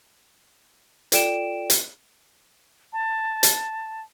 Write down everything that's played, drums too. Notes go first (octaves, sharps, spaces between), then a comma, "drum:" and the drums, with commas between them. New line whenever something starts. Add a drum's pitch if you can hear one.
F4 A4 D5 G5 D7 E7, drum: hi-hat
drum: hi-hat
A5
drum: hi-hat